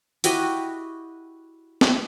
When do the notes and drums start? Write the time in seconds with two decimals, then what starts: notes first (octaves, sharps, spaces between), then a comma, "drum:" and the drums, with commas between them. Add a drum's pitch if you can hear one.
0.24 E4 F#4 G4 D#5, drum: hi-hat
1.81 drum: snare